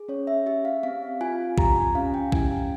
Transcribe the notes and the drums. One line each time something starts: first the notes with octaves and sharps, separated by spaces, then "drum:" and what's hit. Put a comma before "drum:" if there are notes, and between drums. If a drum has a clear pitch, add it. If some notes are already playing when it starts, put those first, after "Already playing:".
Already playing: G#4
C#4 C#5
E5
G4 E5
F5
C4 F5
F4 G#5
G4 A#5, drum: kick A1
G#5
C#4 F5
G5
E4 G#5, drum: kick A1
G#5